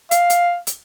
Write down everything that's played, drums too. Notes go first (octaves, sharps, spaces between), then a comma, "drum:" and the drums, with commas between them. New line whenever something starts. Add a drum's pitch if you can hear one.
F5, drum: hi-hat
drum: hi-hat
drum: hi-hat